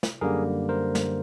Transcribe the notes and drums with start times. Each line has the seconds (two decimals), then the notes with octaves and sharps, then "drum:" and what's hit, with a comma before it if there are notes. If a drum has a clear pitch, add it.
0.03 drum: snare
0.21 F#2 D3 G3 A#3 G#4 A#4
0.69 A#4 C5
0.95 drum: snare